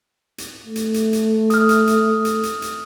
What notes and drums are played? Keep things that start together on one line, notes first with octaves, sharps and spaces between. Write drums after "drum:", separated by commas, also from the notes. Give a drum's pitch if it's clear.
drum: hi-hat
A3
drum: hi-hat
drum: hi-hat
drum: hi-hat
D#6 F6, drum: hi-hat
drum: hi-hat
drum: hi-hat
drum: hi-hat
drum: hi-hat
drum: hi-hat